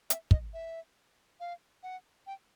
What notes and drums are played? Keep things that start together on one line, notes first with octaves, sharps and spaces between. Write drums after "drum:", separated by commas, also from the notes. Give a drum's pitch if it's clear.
E5, drum: hi-hat
D#5, drum: kick
E5
F5
F#5
G5